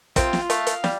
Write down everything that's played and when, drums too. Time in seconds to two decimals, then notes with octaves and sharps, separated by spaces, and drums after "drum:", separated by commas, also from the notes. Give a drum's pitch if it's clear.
0.16 C3 C4 F4, drum: kick, hi-hat
0.33 drum: snare
0.50 A3 F5, drum: hi-hat
0.67 drum: hi-hat
0.84 G3, drum: snare